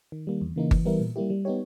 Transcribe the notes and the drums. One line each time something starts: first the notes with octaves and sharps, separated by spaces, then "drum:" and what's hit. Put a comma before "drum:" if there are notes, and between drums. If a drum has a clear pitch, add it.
D#3
G3 A#3
E2
C#3 E3 A#3 D#4
E3, drum: kick G1
G3 B3 E4 A#4
A#2
G3 A#3 E4 G4
G3
B3 D#4 G4 C#5